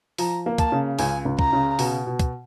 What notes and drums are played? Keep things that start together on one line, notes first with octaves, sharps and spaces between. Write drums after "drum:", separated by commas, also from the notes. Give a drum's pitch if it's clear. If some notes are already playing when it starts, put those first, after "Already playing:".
F3 A#5, drum: open hi-hat
A#3
A5, drum: kick, hi-hat
C#3
C#2 G#5, drum: open hi-hat
C#2
A#5, drum: kick
C#3
B2, drum: open hi-hat
B2
drum: kick, hi-hat